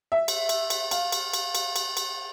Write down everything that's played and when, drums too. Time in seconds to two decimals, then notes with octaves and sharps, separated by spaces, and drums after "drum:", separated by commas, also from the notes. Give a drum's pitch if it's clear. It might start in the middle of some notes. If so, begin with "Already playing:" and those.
0.12 E5
0.28 drum: cymbal
0.49 drum: cymbal
0.70 drum: cymbal
0.91 F5, drum: cymbal
1.12 drum: cymbal
1.33 drum: cymbal
1.55 drum: cymbal
1.76 drum: cymbal
1.97 drum: cymbal